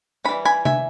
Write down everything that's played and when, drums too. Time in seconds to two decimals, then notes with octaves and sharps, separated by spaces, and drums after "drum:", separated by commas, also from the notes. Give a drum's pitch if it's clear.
0.25 E3 G3 C#4 B5
0.45 G#5 B5
0.65 E5 G#5, drum: tom C3